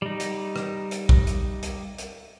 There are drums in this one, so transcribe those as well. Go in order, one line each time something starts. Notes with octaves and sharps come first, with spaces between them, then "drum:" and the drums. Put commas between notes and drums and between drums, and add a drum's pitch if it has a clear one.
G3 D#4
drum: hi-hat
drum: rim click
drum: hi-hat
drum: kick
drum: hi-hat
drum: hi-hat
drum: hi-hat